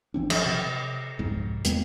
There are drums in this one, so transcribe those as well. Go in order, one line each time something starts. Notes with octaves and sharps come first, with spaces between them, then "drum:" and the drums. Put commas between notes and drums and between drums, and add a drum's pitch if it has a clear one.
G#1 E3 C4 D4
F3 F#3, drum: cymbal
C3
C2 F2 G#2
E2 G#3 A#3 C4, drum: hi-hat